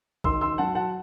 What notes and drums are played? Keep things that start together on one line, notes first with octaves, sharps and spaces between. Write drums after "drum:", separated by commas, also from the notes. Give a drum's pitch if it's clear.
D#3 C6 E6, drum: kick B1
C6 E6
F#3 F#5 A5
F#5 A5